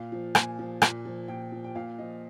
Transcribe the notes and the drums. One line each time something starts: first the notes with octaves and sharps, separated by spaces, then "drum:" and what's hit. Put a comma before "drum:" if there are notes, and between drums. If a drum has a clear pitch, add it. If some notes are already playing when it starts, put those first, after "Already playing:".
Already playing: A#2 F5
F3
A#2 G#5, drum: rim click
F3
A#2, drum: rim click
F3
A#2 G5
F3
G5
A#2 F5
F3 D#5